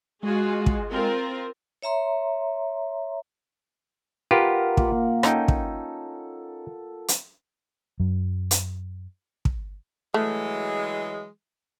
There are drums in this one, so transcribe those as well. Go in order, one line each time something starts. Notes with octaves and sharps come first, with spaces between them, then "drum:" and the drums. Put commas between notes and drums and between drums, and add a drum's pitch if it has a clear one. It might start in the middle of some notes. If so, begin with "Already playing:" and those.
G#3 F4 F#4 G#4
drum: kick
C4 F4 A#4
C#5 E5 A#5 C6
F4 G4 A#4 B4 F#5
A#2, drum: kick
C#4 D#4 A4 G5, drum: rim click
drum: kick
drum: hi-hat
F#2 F#3
drum: hi-hat
drum: kick
E3 F#3 G#3 A3